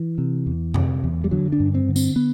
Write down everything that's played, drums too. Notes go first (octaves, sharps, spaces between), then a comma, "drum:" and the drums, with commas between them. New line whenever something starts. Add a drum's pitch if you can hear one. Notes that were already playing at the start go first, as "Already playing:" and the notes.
Already playing: E3
C3
E2
C3, drum: tom F2
E2
G3
D3 F#3
D4
G2
C4
D3
C4, drum: tambourine
B3